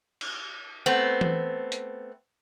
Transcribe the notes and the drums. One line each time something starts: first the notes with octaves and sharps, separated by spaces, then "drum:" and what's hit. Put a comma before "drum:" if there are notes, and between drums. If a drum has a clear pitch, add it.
drum: cymbal
A3 B3 C4
drum: tom E3
drum: hi-hat